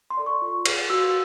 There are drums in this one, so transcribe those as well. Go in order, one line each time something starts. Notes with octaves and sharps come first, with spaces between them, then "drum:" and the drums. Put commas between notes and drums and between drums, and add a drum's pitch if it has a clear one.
C6
A4 D5
C#6
F4
G#4 B4, drum: cymbal
F#4 E6